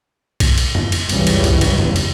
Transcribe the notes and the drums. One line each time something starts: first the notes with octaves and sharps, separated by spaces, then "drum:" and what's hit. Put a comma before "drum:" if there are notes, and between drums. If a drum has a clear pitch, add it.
drum: kick B1, cymbal
drum: cymbal
drum: tom F2
drum: cymbal
F#1 C#2 G2 C#3 E3 G3, drum: cymbal
drum: cymbal
drum: kick B1, cymbal
drum: cymbal
drum: tom F2
drum: cymbal